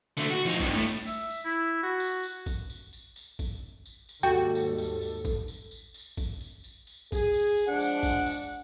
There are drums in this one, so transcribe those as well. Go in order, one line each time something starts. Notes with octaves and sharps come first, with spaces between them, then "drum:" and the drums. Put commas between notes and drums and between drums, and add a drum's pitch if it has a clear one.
D3 A3, drum: tambourine
F#4
F3 D#4
G2 D#3, drum: kick A1, tambourine
A2
drum: tambourine
E5, drum: tambourine
drum: tambourine
E4
F#4
drum: tambourine
drum: tambourine
drum: kick A1, tambourine
drum: tambourine
drum: tambourine
drum: tambourine
drum: kick A1, tambourine
drum: tambourine
drum: tambourine
D#2 G#2 G3 F#4 A4 G5
drum: tambourine
drum: tambourine
drum: tambourine
drum: kick A1, tambourine
drum: tambourine
drum: tambourine
drum: tambourine
drum: kick A1, tambourine
drum: tambourine
drum: tambourine
drum: tambourine
G#4, drum: kick A1, tambourine
drum: tambourine
drum: tambourine
F3 G#3 D4 F#5
drum: tambourine
drum: kick A1, tambourine
drum: tambourine